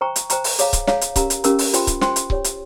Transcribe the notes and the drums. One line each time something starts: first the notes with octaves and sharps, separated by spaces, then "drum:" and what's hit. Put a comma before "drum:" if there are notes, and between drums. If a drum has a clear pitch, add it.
C5 G5 A#5 C#6
drum: hi-hat
C5 G5 A#5 C#6, drum: hi-hat
drum: open hi-hat
G#4 C#5 F5 A#5, drum: hi-hat
drum: kick C#1, hi-hat
G#4 C#5 F5 A#5, drum: snare
drum: hi-hat
C#4 G4 A#4 F5 A#5, drum: kick C#1, hi-hat
drum: hi-hat
C#4 G4 A#4 F5 A#5, drum: hi-hat
drum: open hi-hat
F4 C5 G5 C6, drum: hi-hat
drum: kick C#1, hi-hat
F4 C5 G5 C6, drum: snare
drum: hi-hat
G4 C#5 G5, drum: kick C#1
drum: hi-hat